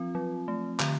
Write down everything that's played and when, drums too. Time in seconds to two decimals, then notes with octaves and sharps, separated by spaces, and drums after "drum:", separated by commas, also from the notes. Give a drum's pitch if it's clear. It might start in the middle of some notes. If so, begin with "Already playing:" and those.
Already playing: F3 C4 F4
0.15 F#3
0.48 A3
0.80 D3, drum: clap